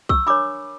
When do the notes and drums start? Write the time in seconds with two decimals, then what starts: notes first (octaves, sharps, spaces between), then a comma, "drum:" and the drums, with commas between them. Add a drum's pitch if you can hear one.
0.09 C#6 E6, drum: kick B1
0.26 D4 A#4 C#5 B5 D6